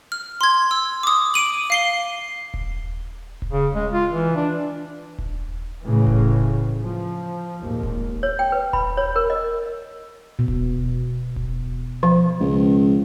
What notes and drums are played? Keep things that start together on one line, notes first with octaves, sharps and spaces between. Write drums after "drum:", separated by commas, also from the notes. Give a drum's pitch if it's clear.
F6
C6 G#6
E6
D6 D#6
D6 D7 D#7 F#7
F5 C7 G7
drum: kick D#1
drum: kick D#1
C#3
G#3
F4
E3
D4
drum: kick D#1
A2 C#3 E3
drum: kick D#1
F3
G#1 D#2 A#2
drum: kick D#1
C#5
G5
B4
B5, drum: kick D#1
C#5
A#4
D#5
B2
drum: kick D#1
drum: kick D#1
F3
C#2